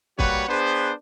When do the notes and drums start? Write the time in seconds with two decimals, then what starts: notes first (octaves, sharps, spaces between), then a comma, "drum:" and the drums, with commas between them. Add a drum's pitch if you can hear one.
0.19 G3 A#3 F#4 B4 C#5 F#5, drum: kick
0.49 B3 D4 G#4 B4 C5